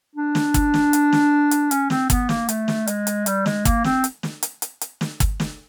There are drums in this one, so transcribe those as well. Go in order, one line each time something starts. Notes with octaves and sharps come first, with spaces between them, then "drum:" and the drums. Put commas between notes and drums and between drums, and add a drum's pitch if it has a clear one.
D4
drum: snare
drum: kick, hi-hat
drum: snare
drum: hi-hat
drum: snare
drum: hi-hat
C#4, drum: hi-hat
C4, drum: snare
B3, drum: kick, hi-hat
A#3, drum: snare
A3, drum: hi-hat
drum: snare
G#3, drum: hi-hat
drum: hi-hat
G3, drum: hi-hat
G#3, drum: snare
A#3, drum: kick, hi-hat
C4, drum: snare
drum: hi-hat
drum: snare
drum: hi-hat
drum: hi-hat
drum: hi-hat
drum: snare
drum: kick, hi-hat
drum: snare